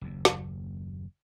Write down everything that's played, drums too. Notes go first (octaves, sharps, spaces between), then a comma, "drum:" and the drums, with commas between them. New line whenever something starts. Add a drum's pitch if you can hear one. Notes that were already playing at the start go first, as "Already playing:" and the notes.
F#1 D#2
drum: snare